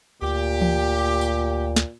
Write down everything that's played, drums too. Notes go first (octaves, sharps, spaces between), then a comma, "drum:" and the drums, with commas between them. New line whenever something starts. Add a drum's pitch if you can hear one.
D2 A#2 G4
drum: tom E3
drum: tambourine
drum: snare